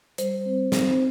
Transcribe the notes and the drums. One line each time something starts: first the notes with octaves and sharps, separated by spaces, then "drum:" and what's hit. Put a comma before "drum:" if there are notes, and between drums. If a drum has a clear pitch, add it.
G3 C5, drum: hi-hat
C4
C4, drum: snare